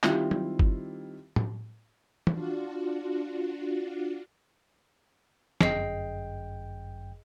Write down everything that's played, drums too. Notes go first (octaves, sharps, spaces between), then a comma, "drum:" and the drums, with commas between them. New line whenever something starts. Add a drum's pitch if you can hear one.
D#3 G3 C4 E4 F4 G4, drum: clap
drum: tom
drum: kick G1
drum: tom
D4 F4 F#4, drum: tom
G1 F#2 G#4 D#5 G5 C7, drum: snare